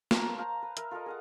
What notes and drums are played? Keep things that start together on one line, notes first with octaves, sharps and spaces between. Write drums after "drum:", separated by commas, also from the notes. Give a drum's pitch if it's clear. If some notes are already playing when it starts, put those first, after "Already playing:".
A#3 A#4 C#5 A5, drum: snare
C5 F5 A5 A#5
B4
A#4 B4 E5, drum: hi-hat
F4 A4 A#4 D#5
G#4 F5 F#5